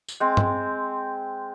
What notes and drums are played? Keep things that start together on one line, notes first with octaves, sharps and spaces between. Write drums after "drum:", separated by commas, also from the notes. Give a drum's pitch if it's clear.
drum: tambourine
G#3 C4
drum: tom G2